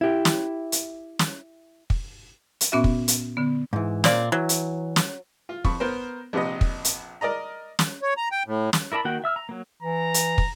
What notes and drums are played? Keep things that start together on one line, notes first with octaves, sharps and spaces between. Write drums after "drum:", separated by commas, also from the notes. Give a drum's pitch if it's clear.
E4 G4
drum: snare
drum: hi-hat
drum: snare
drum: kick
drum: hi-hat
A#2 B3 C#4 F#4 E5
drum: kick
drum: hi-hat
D3 B3
G#2 E3
A#2 A#3 C4 D5, drum: snare
E3 F#3
drum: hi-hat
drum: snare
F4
F2 B5 C#6, drum: kick
B3 A#4 C5
A#1 C3 B4 D#5
drum: kick
drum: hi-hat
A#4 D5 D#5 A#5
drum: snare
C#5
A#5
G5
A2
drum: snare
E4 A#4 D5 A5 B5
D#3 A#3 F#4 F#5 G5
E5 E6 F6
A#5
F#3 A#3
E3 A#5
drum: hi-hat
drum: kick